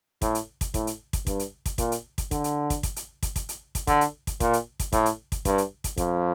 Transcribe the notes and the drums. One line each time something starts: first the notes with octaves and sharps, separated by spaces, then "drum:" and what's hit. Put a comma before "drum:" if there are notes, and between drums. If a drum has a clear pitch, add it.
A2, drum: kick, hi-hat
drum: hi-hat
drum: kick, hi-hat
A2, drum: kick, hi-hat
drum: hi-hat
drum: kick, hi-hat
G2, drum: kick, hi-hat
drum: hi-hat
drum: kick, hi-hat
A#2, drum: kick, hi-hat
drum: hi-hat
drum: kick, hi-hat
D3, drum: kick, hi-hat
drum: hi-hat
drum: kick, hi-hat
drum: kick, hi-hat
drum: hi-hat
drum: kick, hi-hat
drum: kick, hi-hat
drum: hi-hat
drum: kick, hi-hat
D3, drum: kick, hi-hat
drum: hi-hat
drum: kick, hi-hat
A#2, drum: kick, hi-hat
drum: hi-hat
drum: kick, hi-hat
A2, drum: kick, hi-hat
drum: hi-hat
drum: kick, hi-hat
G2, drum: kick, hi-hat
drum: hi-hat
drum: kick, hi-hat
F2, drum: kick, hi-hat